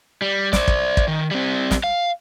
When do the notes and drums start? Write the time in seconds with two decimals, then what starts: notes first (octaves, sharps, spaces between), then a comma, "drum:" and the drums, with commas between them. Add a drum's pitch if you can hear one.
0.22 G3
0.53 C5 D5, drum: snare
0.68 drum: kick
0.97 drum: kick
1.08 D#3
1.31 G3 C4
1.71 drum: snare
1.84 F5